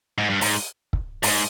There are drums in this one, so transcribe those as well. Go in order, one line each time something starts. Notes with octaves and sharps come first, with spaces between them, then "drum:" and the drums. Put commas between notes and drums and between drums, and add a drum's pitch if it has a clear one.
G#2
G2
G#2, drum: open hi-hat
drum: kick
G#2, drum: open hi-hat